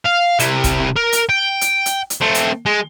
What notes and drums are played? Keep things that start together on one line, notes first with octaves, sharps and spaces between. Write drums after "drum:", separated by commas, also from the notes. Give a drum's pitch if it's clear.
F5
C3 E4, drum: hi-hat
drum: kick, hi-hat
A#4
drum: hi-hat
G5
drum: hi-hat
drum: hi-hat
drum: hi-hat
A3 C4
drum: hi-hat
G#3